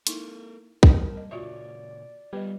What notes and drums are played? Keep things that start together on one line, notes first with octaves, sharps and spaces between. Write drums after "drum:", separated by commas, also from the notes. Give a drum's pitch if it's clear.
A#3 D#4 E4 A4 A#4, drum: hi-hat
G3 A#4 C5 A5, drum: kick
D#5
A#2 C#3 F4 F#4 C#5 D5 E5
G3 B3 F4 B4 D#5